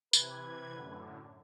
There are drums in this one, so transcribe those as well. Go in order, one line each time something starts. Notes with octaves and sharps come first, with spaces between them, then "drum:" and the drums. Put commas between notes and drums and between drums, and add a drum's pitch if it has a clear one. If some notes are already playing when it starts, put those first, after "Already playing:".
C3 E3 B4 G#6, drum: tambourine
F#2 A2 D3